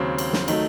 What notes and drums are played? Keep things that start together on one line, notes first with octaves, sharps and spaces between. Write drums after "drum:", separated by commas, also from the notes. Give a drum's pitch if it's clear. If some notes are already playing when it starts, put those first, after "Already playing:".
Already playing: D#2 C#3 F#3 C4
drum: cymbal
drum: snare
D#3 F#3 A3 D#4, drum: cymbal